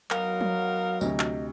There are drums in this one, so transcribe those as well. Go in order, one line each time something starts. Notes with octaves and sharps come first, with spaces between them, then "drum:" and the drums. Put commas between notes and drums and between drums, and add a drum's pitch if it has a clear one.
F#3 B3 D#4 A#4 F5, drum: clap
drum: tom
D2 C3 D#5, drum: tambourine
drum: clap